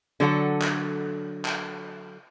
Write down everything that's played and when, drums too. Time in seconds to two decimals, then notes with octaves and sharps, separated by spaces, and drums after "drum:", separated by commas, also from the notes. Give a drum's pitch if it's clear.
0.20 D3 F#3 A4 F#5
0.62 drum: clap
1.45 drum: clap